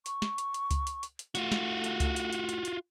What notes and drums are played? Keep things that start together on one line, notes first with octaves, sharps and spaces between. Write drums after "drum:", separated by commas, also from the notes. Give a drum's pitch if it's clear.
C#6, drum: hi-hat
drum: snare
drum: hi-hat
drum: hi-hat
drum: kick C#2, hi-hat
drum: hi-hat
drum: hi-hat
drum: hi-hat
A3 F4 F#4, drum: hi-hat
drum: snare
drum: hi-hat
drum: kick C#2, hi-hat
drum: hi-hat
drum: hi-hat
drum: hi-hat
drum: hi-hat